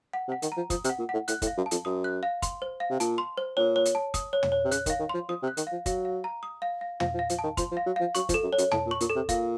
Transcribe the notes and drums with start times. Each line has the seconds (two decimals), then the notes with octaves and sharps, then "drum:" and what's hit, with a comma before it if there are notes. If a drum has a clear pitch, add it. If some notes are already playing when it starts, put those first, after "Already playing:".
0.13 F#5
0.28 C3
0.32 F#5
0.42 D#3, drum: hi-hat
0.52 F3 A#5
0.70 F3 D#6, drum: kick, hi-hat
0.84 C3, drum: hi-hat
0.89 F#5
0.99 A#2
1.09 A2 F#5
1.28 A2 F#6, drum: hi-hat
1.42 A2, drum: kick, hi-hat
1.47 F5
1.57 F#2
1.66 A5
1.71 F2, drum: hi-hat
1.85 F#2 D#6
2.04 F#6
2.23 F5
2.42 C6, drum: kick, hi-hat
2.62 C5
2.80 F5
2.90 C3
3.00 A#2 A5, drum: hi-hat
3.18 C6
3.38 C5
3.57 A#2 C#5
3.76 C#5
3.85 drum: hi-hat
3.95 A5
4.14 D#6, drum: kick, hi-hat
4.33 C#5
4.43 drum: tom
4.52 C#5
4.65 C3
4.71 C#3 F#6, drum: hi-hat
4.86 D#3, drum: kick, hi-hat
4.90 F5
4.99 D#3
5.09 F3 C6
5.29 F3 D#6
5.43 C3
5.48 F#6
5.57 D#3, drum: hi-hat
5.67 F3 F5
5.86 F#3 F5, drum: kick, hi-hat
6.05 F5
6.24 A#5
6.43 D#6
6.62 F5
6.81 F5
7.00 F3 F5, drum: tom
7.14 F3
7.19 F5
7.29 F3, drum: hi-hat
7.39 D#3 A5
7.57 F3 C6, drum: kick, hi-hat
7.71 F3
7.77 F5
7.86 F#3
7.96 F3 F5
8.15 F#3 C#6, drum: hi-hat
8.29 F3, drum: kick, hi-hat
8.34 A4
8.43 F#2
8.53 C#5
8.58 F#2, drum: hi-hat
8.72 A2 A5, drum: tom
8.86 A#2
8.91 C#6
9.00 A#2, drum: hi-hat
9.10 A4
9.16 C3
9.29 A#2 F5, drum: kick, hi-hat